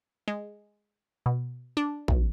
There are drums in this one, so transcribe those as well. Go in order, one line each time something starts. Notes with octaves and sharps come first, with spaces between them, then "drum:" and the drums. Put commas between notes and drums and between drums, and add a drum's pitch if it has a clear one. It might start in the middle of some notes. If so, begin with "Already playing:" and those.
G#3
B2
D4
B1, drum: kick